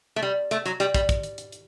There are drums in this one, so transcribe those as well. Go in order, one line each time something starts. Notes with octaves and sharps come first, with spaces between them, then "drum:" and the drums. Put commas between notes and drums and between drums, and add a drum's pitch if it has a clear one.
A3
G3
A3, drum: hi-hat
F#3, drum: hi-hat
G3, drum: hi-hat
G3, drum: kick, hi-hat
drum: kick, hi-hat
drum: hi-hat
drum: hi-hat
drum: hi-hat